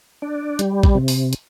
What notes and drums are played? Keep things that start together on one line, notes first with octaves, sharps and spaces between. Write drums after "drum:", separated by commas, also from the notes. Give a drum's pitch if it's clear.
D4
G3, drum: hi-hat
drum: kick A1
C3
drum: open hi-hat
drum: hi-hat